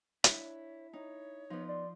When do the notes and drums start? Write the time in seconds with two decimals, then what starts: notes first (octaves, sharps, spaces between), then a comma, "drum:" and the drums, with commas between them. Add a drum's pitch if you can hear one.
0.24 D4 E4 C#5, drum: hi-hat
0.93 D#4 C#5
1.50 F3 B3 D#4
1.68 D5 C6